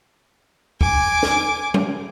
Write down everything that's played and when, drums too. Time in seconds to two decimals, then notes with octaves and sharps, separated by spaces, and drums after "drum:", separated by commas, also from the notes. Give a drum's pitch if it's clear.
0.81 G#5 D6, drum: kick
1.23 drum: snare
1.74 drum: tom F#3